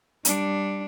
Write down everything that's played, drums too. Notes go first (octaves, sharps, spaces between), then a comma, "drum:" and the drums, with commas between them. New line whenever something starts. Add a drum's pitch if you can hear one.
G3 D4, drum: hi-hat